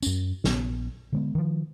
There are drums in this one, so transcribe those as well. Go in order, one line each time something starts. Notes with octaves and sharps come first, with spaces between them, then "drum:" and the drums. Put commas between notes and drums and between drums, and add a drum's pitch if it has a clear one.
F#2 C#4, drum: tambourine
A#1 B3, drum: snare
D3 G#3 B3
D#3 F3